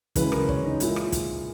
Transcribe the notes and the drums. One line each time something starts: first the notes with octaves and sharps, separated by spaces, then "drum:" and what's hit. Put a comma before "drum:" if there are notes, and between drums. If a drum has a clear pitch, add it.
F#2 C#3 E3 G#3 B4, drum: kick, hi-hat
A#4, drum: rim click
C#5, drum: kick
D#4
A#2 G#3 E4, drum: hi-hat
drum: rim click
drum: kick, hi-hat